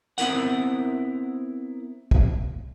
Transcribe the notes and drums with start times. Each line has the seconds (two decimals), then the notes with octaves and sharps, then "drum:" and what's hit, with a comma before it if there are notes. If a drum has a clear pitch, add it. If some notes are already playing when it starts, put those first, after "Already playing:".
0.18 B3 C4 E4 A#4 F#5, drum: hi-hat
2.11 drum: kick